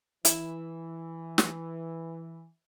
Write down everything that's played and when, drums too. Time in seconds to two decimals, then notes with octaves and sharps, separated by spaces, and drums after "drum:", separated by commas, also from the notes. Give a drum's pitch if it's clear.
0.25 E3 E4, drum: hi-hat
1.38 drum: snare